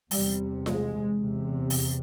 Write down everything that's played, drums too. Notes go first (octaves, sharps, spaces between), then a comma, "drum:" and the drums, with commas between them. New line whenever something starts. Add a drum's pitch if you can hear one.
E2 C3 G3, drum: open hi-hat
G#3, drum: snare F4
E2 C3
drum: open hi-hat